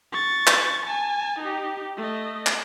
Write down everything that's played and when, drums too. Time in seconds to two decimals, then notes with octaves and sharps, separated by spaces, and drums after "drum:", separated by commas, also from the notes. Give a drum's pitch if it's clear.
0.12 C#6 A6
0.47 drum: clap
0.86 G#5 A5
1.39 D#4 G4
1.97 A3 D#5
2.46 drum: clap